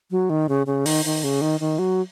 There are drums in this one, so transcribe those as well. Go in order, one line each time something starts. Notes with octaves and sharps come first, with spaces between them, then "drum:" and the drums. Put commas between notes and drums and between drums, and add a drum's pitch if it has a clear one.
F#3
D#3
C#3
C#3
D#3, drum: open hi-hat
D#3
C#3
D#3
D#3
F#3